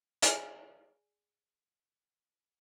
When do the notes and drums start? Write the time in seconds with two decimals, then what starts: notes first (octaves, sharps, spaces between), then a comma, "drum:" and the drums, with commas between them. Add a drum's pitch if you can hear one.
0.22 G#4 D5 G#5, drum: hi-hat